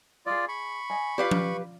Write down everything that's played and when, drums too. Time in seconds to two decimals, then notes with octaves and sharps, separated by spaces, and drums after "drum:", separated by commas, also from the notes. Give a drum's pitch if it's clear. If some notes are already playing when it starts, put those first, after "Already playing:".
0.26 F4 G#4 D5 D#5
0.48 B5 C#6
0.90 D#5 G#5
1.18 F4 G4 B4 D5 F5
1.31 drum: tom F3